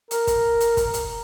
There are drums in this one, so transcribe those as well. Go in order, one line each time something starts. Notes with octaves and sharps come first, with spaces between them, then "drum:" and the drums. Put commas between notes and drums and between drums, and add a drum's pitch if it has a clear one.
A#4, drum: hi-hat
drum: kick, hi-hat
drum: hi-hat
drum: kick, hi-hat
drum: hi-hat